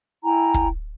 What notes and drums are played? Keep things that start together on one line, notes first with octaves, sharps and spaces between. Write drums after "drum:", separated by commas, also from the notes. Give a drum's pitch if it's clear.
E4 G5 G#5 A#5
drum: kick